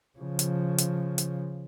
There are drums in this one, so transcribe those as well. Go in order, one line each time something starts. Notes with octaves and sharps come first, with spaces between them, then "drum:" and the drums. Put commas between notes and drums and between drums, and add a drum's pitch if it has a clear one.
C#3 F3
drum: hi-hat
drum: hi-hat
drum: hi-hat